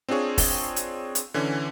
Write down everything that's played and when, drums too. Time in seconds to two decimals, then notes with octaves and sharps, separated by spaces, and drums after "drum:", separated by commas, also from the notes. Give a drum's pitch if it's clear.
0.09 C4 D4 F4 G#4 C#5
0.38 drum: kick, open hi-hat
0.76 drum: hi-hat
1.15 drum: hi-hat
1.34 D3 E3 C#4